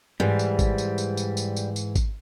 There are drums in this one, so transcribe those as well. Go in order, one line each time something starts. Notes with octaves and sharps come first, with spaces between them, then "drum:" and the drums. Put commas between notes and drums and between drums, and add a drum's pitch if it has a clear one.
G#2 E3 G3
drum: tambourine
drum: kick G#1, tambourine
drum: tambourine
drum: tambourine
drum: tambourine
drum: tambourine
drum: tambourine
drum: tambourine
drum: kick G#1, tambourine